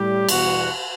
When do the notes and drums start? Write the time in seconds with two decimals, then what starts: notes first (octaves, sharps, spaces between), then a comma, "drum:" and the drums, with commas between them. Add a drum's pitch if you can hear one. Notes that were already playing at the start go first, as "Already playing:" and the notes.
Already playing: A2 G3 G4
0.29 E2 B2 G3 F#4, drum: cymbal